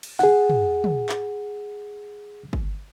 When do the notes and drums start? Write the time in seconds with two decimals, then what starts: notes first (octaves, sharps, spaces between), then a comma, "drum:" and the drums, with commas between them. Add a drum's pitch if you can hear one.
0.03 drum: cymbal
0.19 G#4 F#5, drum: snare
0.50 drum: tom
0.84 drum: tom
1.09 drum: clap
2.53 drum: kick G1